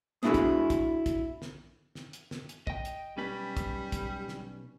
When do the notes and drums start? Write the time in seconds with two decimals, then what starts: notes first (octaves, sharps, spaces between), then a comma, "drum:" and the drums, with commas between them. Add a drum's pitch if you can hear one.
0.23 B3 D4 E4 F#4 G#4 B4
0.34 drum: kick, hi-hat
0.70 drum: kick, hi-hat
1.06 drum: kick, hi-hat
1.42 drum: snare
1.95 drum: snare
2.13 drum: hi-hat
2.31 drum: snare
2.49 drum: hi-hat
2.67 D#5 G5, drum: kick
2.85 drum: hi-hat
3.17 B1 G3 C#4 B4
3.57 drum: kick, hi-hat
3.92 drum: kick, hi-hat
4.28 drum: snare